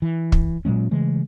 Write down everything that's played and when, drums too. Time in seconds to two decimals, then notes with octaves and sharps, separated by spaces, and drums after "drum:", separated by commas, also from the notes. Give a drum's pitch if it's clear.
0.02 E3
0.32 drum: kick
0.65 A#2 F#3 G#3 C#4
0.91 C#3 E3 G#3 A3